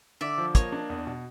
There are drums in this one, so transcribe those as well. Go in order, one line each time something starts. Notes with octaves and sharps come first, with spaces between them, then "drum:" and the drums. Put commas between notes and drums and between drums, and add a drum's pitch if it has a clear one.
D3 D5 E5
F3
A#3 C#5 D#5, drum: kick, hi-hat
D4
E2
B2